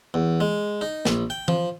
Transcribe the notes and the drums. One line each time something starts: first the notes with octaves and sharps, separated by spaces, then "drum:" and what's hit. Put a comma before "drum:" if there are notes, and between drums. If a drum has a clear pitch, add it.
E2
G#3
D#4
A#1, drum: snare
G5
F3, drum: tom E3